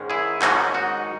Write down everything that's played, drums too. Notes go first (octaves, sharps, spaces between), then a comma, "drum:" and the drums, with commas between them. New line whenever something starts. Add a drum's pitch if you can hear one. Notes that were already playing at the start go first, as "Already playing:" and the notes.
Already playing: G#2 D#3 G#3 C#4
E4 G#4
G#2 D#3 G#3 C#4 D#4 F#4, drum: clap
D#4 F#4